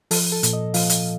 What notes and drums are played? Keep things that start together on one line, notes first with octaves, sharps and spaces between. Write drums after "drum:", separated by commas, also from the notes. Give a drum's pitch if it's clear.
F3 A4, drum: open hi-hat
A4
A#2, drum: hi-hat
D#5
F3 F5, drum: open hi-hat
drum: hi-hat